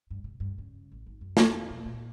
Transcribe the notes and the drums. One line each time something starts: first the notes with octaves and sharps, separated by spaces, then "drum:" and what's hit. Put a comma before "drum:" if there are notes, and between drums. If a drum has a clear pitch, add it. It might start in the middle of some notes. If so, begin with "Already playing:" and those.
G2
C3
G2
C#3
A1
G#1
F#2
drum: snare
D3
B2
A#2